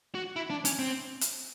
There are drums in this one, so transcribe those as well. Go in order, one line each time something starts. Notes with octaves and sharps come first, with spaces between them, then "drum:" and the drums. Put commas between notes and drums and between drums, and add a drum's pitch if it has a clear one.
F#4
E4
D4
C#4, drum: hi-hat
C4
drum: hi-hat